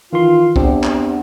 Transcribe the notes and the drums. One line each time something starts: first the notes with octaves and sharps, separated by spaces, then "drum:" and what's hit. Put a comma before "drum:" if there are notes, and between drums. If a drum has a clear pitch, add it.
D#3 E3 F4 C6
E2 C4 D4 G4, drum: kick
drum: clap